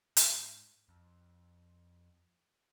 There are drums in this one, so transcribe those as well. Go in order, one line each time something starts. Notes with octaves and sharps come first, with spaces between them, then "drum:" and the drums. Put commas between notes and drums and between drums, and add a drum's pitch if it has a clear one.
G#2, drum: hi-hat
F2